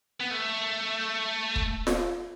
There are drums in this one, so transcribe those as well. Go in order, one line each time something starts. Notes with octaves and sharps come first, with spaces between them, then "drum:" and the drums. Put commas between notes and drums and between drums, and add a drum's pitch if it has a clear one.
B3
A3
drum: kick
drum: snare F4